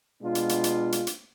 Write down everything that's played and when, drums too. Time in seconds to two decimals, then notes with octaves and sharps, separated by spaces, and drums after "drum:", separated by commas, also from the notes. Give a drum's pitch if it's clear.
0.21 B2 G#3 D4 F4
0.35 drum: hi-hat
0.49 drum: hi-hat
0.64 drum: hi-hat
0.92 drum: hi-hat
1.07 drum: hi-hat